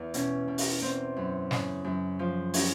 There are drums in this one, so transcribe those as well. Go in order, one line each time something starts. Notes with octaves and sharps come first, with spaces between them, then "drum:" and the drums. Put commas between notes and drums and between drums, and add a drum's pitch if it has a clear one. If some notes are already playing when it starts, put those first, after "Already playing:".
Already playing: E2
B2 C#4, drum: hi-hat
B2
drum: open hi-hat
E2 C4
F#2
C#3, drum: snare
F#2
F3
C#4, drum: open hi-hat